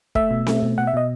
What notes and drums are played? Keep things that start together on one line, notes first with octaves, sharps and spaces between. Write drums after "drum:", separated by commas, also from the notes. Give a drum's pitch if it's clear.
A3 E5, drum: kick
B2
A3, drum: snare C4
B2
B2 F#5
E5
B2 D#5